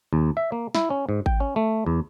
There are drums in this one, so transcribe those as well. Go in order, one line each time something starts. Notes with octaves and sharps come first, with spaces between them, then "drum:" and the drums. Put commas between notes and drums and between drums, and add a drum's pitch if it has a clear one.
D#2
E5
A#3
E4, drum: snare
C#4
G#2
G5, drum: kick G#1
C#4
A3
E2